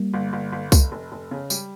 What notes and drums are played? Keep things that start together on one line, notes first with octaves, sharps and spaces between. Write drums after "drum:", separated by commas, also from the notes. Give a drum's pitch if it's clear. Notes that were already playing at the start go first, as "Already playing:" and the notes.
Already playing: G3 A#3
G1
G1
G1
F1, drum: kick C2, tambourine
F1
F1
C#3
G3, drum: tambourine